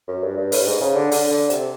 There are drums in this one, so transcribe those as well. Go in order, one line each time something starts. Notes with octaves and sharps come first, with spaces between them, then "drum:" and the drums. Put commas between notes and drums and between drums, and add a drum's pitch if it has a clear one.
F#2
G2
G2
A2, drum: open hi-hat
G2
G#2
C#3
D3
D3, drum: open hi-hat
D3
C3, drum: hi-hat